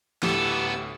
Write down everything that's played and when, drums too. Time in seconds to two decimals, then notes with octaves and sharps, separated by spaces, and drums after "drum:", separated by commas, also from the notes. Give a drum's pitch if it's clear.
0.23 D2 A2 B3 G4 A4 E6 A6, drum: snare